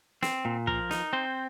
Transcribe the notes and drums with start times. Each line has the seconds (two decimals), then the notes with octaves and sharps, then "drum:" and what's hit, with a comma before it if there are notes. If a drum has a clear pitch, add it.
0.23 C4, drum: snare
0.45 A#2
0.67 F3 A#4, drum: kick
0.91 D#4, drum: snare
1.13 C4 C5